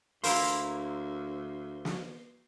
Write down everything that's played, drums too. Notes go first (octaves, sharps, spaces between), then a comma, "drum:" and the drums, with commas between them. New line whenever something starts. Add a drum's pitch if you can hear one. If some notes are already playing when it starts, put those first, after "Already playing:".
D2 A#3 E4 A#4 C5 C6, drum: open hi-hat
drum: snare